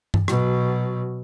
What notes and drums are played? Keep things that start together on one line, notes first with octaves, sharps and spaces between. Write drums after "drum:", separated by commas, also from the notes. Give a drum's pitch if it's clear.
drum: tom G2
B2 F#3, drum: rim click